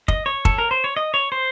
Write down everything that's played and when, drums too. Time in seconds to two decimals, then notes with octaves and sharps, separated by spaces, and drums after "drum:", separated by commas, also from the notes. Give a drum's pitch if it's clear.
0.08 D#5, drum: kick
0.26 C#5
0.45 A4, drum: kick
0.58 A#4
0.71 C5
0.84 C#5
0.97 D#5
1.14 C#5
1.32 C5